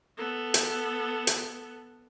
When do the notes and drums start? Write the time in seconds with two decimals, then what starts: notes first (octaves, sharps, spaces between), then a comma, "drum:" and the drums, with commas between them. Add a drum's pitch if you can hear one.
0.17 B3 A4
0.54 drum: hi-hat
1.27 drum: hi-hat